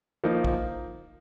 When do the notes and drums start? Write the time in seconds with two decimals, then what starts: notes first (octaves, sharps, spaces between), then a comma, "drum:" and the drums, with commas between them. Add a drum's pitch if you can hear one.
0.24 F3 A#3 D#4
0.44 drum: kick